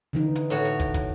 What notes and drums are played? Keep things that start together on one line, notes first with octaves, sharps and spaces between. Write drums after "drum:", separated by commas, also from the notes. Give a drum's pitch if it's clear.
D3 E3 D#4
drum: hi-hat
A2 F#4 C#5
drum: hi-hat
drum: kick, hi-hat
drum: kick, hi-hat